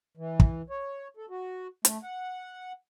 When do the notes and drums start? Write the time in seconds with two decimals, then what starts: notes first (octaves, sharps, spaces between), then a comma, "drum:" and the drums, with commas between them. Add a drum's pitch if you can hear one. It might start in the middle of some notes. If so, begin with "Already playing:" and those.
0.17 E3
0.40 drum: kick
0.70 C#5
1.17 A4
1.30 F#4
1.85 A3, drum: hi-hat
2.03 F#5